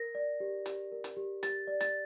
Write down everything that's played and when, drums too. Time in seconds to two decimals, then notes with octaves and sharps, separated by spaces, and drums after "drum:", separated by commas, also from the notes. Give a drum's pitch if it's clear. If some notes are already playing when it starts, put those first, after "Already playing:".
Already playing: A#4 A#6
0.15 D5
0.40 G4
0.66 G4, drum: hi-hat
0.92 A#4
1.04 drum: hi-hat
1.17 G4
1.43 G4 A6, drum: hi-hat
1.67 D5
1.81 A6, drum: hi-hat